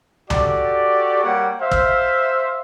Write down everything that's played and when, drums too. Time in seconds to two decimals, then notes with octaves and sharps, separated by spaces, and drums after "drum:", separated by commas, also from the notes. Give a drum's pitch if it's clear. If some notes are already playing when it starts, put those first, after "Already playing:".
0.30 F#4 G4 A4 D5, drum: tom C2
1.24 G3 A#3 G4 C#5 F#5 D6
1.61 C5 E5 F5
1.71 drum: kick